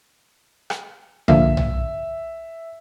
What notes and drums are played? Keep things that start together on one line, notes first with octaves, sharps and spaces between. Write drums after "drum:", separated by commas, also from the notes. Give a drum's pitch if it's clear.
drum: rim click
D3 F3 A#3 E5, drum: tom
drum: tom